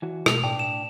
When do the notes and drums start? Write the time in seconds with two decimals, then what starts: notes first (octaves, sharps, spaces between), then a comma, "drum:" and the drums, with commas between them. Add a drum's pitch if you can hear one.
0.02 E3 F#4
0.26 B2 G#3 A3 F7, drum: rim click
0.44 A2 D4 G5 D6
0.59 E7